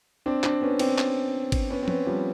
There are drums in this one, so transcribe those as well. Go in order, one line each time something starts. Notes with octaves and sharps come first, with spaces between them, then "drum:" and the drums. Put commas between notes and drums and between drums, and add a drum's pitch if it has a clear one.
C4 D4
C4 D4, drum: clap
B3 C#4
C4 D4, drum: cymbal
drum: clap
drum: kick G#1, cymbal
B3 C#4
C4
B3 C#4, drum: tom F3
F3 G3